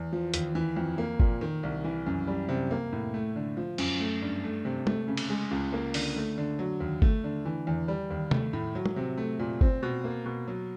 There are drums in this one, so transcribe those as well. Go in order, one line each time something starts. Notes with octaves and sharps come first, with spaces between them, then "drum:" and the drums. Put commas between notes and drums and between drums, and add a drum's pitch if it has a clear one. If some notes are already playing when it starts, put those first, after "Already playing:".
Already playing: E2
F3
D#2, drum: hi-hat
E3
F2
A#3
A#2, drum: kick G1
D#3
C2
E3
F#2
G3
C3
A#3
A2
A3
D3
F3
F#2, drum: cymbal
A3
G2
A3
C3
A3, drum: tom
C#3
drum: cymbal
G#3
C#2
A#3
D3, drum: open hi-hat
A3
D3
F#3
D#2
A3, drum: kick G1
D3
E3
E2
G3
D#2
A3, drum: tom
A2
F#3
drum: tom
C3
A3
A#2
C4, drum: kick G1
B2
A#3
B2
F#3